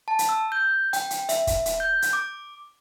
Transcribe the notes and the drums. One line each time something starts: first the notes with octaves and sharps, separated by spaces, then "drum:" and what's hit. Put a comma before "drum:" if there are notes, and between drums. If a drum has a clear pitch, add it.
A5
drum: hi-hat
E6
G6
G5, drum: hi-hat
drum: hi-hat
E5, drum: hi-hat
drum: kick, hi-hat
drum: hi-hat
G6
drum: hi-hat
D6